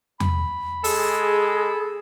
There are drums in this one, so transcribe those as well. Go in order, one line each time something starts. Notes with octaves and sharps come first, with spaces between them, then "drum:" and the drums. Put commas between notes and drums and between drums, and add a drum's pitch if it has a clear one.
B5, drum: tom E2
G#3 G#4 A4, drum: open hi-hat